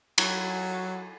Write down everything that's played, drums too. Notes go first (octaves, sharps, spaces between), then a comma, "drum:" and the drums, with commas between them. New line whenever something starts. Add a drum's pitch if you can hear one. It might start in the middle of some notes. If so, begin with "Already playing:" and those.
F#3, drum: cymbal